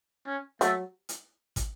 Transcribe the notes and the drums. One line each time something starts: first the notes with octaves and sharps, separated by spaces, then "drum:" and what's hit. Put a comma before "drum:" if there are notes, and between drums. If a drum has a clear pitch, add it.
C#4
F#3 A3, drum: hi-hat
drum: hi-hat
drum: kick, hi-hat